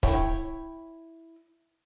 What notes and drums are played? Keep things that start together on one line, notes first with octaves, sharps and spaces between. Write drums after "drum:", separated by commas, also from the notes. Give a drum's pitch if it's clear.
E4 C#5 G5, drum: kick C#1